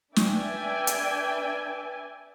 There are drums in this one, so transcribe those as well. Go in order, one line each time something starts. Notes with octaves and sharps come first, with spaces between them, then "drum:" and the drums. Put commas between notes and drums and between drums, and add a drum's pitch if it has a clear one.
D4 B4 D5 E5 G5 G#5, drum: snare
drum: hi-hat